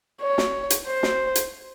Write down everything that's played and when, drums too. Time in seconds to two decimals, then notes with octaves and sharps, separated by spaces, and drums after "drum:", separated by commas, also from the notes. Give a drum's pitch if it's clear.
0.22 C#5
0.38 drum: snare
0.70 drum: hi-hat
0.87 C5
1.03 drum: snare
1.35 drum: hi-hat